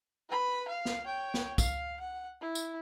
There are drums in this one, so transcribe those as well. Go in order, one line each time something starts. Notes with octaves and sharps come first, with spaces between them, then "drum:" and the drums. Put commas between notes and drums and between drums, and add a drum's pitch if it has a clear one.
B4 B5
F5
drum: snare
C#5 G5
drum: snare
F5, drum: kick, tambourine
F#5
E4
drum: tambourine